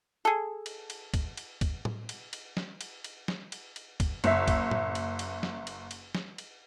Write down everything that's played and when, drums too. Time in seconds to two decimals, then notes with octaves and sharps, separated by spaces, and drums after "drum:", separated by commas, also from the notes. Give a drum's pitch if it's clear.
0.25 G#4 A4
0.66 drum: cymbal
0.90 drum: cymbal
1.14 drum: kick, cymbal
1.37 drum: cymbal
1.61 drum: kick, cymbal
1.85 drum: tom A2
2.09 drum: cymbal
2.33 drum: cymbal
2.57 drum: snare
2.81 drum: cymbal
3.04 drum: cymbal
3.28 drum: snare
3.52 drum: cymbal
3.76 drum: cymbal
4.00 drum: kick, cymbal
4.24 F#1 E5, drum: cymbal
4.48 drum: kick, cymbal
4.71 drum: tom A2
4.95 drum: cymbal
5.19 drum: cymbal
5.43 drum: snare
5.67 drum: cymbal
5.91 drum: cymbal
6.15 drum: snare
6.38 drum: cymbal